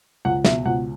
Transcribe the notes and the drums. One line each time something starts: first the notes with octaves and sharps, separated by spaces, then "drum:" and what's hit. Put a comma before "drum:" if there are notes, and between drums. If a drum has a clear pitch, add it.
C#2 F#5
B2 E5, drum: snare
C#2 F#5